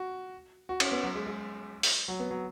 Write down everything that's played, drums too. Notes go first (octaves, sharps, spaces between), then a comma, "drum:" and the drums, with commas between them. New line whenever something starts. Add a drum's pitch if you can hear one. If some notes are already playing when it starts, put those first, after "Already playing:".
Already playing: F#4
F#4
C#4, drum: cymbal
B3
F#3
G#3
G#3
drum: open hi-hat
F#3
B3
F#3